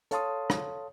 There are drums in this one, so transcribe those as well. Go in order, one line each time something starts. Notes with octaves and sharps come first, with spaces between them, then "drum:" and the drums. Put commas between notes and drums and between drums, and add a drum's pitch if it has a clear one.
A4 C#5 F5 A5 C6 D#6, drum: hi-hat
drum: rim click